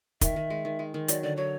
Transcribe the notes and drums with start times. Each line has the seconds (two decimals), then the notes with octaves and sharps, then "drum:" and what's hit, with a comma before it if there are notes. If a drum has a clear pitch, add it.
0.21 D#3 E5, drum: kick, hi-hat
0.36 D#3
0.50 G#3
0.65 D#3
0.79 G#3
0.94 D#3
1.08 F#3 D5, drum: hi-hat
1.23 D3 D5
1.37 F#3 C#5